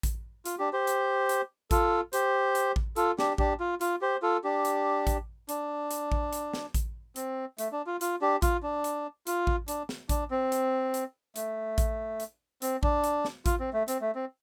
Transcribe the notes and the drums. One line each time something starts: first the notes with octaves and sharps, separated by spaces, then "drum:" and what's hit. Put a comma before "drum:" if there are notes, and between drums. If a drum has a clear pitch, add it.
drum: kick A1, hi-hat
F4, drum: hi-hat
D4 G4
G4 C5
drum: hi-hat
drum: hi-hat
F4 A4, drum: kick A1, hi-hat
G4 C5, drum: hi-hat
drum: hi-hat
drum: kick A1
F4 A4, drum: hi-hat
D4 G4, drum: snare
D4 G4, drum: kick A1
F4
F4, drum: hi-hat
G4 C5
F4 A4
D4 G4
drum: hi-hat
drum: kick A1, hi-hat
D4, drum: hi-hat
drum: hi-hat
drum: kick A1
drum: hi-hat
drum: snare
drum: kick A1, hi-hat
C4, drum: hi-hat
A3, drum: hi-hat
D4
F4
F4, drum: hi-hat
D4 G4
F4, drum: kick A1, hi-hat
D4
drum: hi-hat
F4, drum: hi-hat
drum: kick A1
D4, drum: hi-hat
drum: snare
D4, drum: kick A1, hi-hat
C4
drum: hi-hat
drum: hi-hat
A3, drum: hi-hat
drum: kick A1, hi-hat
drum: hi-hat
C4, drum: hi-hat
D4, drum: kick A1
drum: hi-hat
drum: snare
F4, drum: kick A1, hi-hat
C4
A3
C4, drum: hi-hat
A3
C4